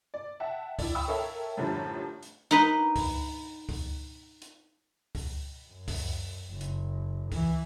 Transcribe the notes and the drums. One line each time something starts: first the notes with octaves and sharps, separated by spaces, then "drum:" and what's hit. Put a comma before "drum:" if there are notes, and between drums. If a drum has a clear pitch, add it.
D5
E5 F#5 G5 A5
E4 D5, drum: kick C#2, open hi-hat
F5 G5 B5 C#6 D#6 E6
A4 A#4 C#5 E5 F5 G5
F#2 A2 D3 F3 G3
drum: hi-hat
D#4 B4
drum: kick C#2, open hi-hat
drum: kick C#2, open hi-hat
drum: hi-hat
drum: kick C#2, open hi-hat
F#2
drum: kick C#2, open hi-hat
F#1
drum: hi-hat
E3, drum: kick C#2, open hi-hat